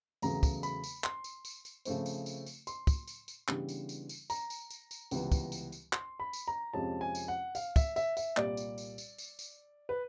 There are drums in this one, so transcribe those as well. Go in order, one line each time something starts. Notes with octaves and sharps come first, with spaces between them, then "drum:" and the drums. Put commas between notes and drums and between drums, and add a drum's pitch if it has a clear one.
E2 C#3 F#3 A3 A#5, drum: tambourine
drum: kick, tambourine
B5, drum: tambourine
drum: tambourine
C6, drum: clap
drum: tambourine
drum: tambourine
drum: tambourine
C#3 F3 A3 C4, drum: tambourine
drum: tambourine
drum: tambourine
drum: tambourine
C6, drum: tambourine
drum: kick, tambourine
drum: tambourine
drum: tambourine
C#3 E3 G3 B3 D4, drum: clap
drum: tambourine
drum: tambourine
drum: tambourine
A#5, drum: tambourine
drum: tambourine
drum: tambourine
drum: tambourine
C#2 C3 E3 G3 B3, drum: tambourine
drum: kick, tambourine
drum: tambourine
drum: tambourine
C6, drum: clap
B5
drum: tambourine
A#5
F2 C3 F3 G#3 C#4 A5
G#5
drum: tambourine
F#5
F5, drum: tambourine
E5, drum: kick, tambourine
E5, drum: tambourine
E5, drum: tambourine
C2 A#2 G3 A#3 D5, drum: clap
drum: tambourine
drum: tambourine
drum: tambourine
drum: tambourine
drum: tambourine
B4